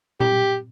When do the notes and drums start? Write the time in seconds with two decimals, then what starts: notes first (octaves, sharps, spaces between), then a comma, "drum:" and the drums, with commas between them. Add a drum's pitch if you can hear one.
0.20 G4, drum: tom A#2